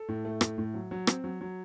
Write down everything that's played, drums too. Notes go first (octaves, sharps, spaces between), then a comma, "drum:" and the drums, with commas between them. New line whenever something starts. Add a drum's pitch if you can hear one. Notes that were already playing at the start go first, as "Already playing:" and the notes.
Already playing: A4
A2
A3
A2, drum: rim click
A2
F#3
F#3
C4, drum: rim click
F#3
F#3